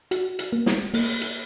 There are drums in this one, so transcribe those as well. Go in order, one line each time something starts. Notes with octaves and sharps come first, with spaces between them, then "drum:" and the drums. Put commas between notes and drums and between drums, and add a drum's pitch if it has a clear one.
F#4, drum: hi-hat
drum: hi-hat
A#3
drum: snare
A#3, drum: open hi-hat
drum: hi-hat